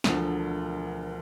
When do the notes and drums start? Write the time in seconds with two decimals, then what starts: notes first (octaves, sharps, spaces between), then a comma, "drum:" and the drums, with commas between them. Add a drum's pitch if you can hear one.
0.04 E1 D2 D3 F3 A#4, drum: snare